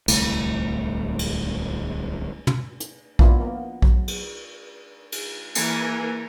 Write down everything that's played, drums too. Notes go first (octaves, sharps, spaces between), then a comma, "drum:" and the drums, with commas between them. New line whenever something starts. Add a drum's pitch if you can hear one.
D1 C2 A2 A3, drum: cymbal
drum: cymbal
drum: tom
drum: hi-hat
F3 A#3 B3 D4 E4 F4, drum: kick A#1
A#3 B3
F#3, drum: kick A#1
drum: cymbal
drum: cymbal
E3 A#3 A#4 G#5, drum: cymbal